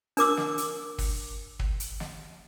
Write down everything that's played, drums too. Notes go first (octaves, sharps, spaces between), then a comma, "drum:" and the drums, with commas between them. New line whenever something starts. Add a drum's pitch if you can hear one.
D4 A#4 D6 E6, drum: hi-hat
drum: snare
drum: hi-hat
drum: kick, open hi-hat
drum: kick
drum: hi-hat
drum: snare